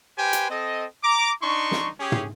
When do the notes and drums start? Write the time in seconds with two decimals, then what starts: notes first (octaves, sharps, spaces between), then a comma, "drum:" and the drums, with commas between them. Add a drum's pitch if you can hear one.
0.18 G4 B4 C5 G5 G#5
0.33 drum: hi-hat
0.50 C4 A4 D#5
1.04 A#5 D6
1.42 D4 D#4 C6 C#6
1.71 drum: snare
2.00 C#4 G4 G#4
2.12 drum: tom